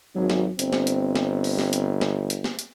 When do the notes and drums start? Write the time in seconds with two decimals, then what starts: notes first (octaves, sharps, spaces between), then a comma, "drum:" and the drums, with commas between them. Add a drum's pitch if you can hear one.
0.15 G#1 F#3
0.30 drum: snare
0.59 G1 C4, drum: hi-hat
0.73 drum: snare
0.87 drum: hi-hat
1.16 drum: snare
1.44 drum: open hi-hat
1.58 drum: snare
1.73 drum: hi-hat
2.01 drum: snare
2.30 drum: hi-hat
2.44 drum: snare
2.59 drum: hi-hat